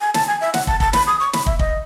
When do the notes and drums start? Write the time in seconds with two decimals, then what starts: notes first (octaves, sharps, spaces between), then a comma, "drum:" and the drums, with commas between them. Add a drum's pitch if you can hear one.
0.01 G#5
0.14 A5, drum: snare
0.27 G#5
0.41 E5
0.54 F#5, drum: snare
0.67 A5, drum: kick
0.80 A5, drum: kick
0.93 B5, drum: snare
1.07 D#6
1.20 C#6
1.33 B5, drum: snare
1.46 E5, drum: kick
1.59 D#5, drum: kick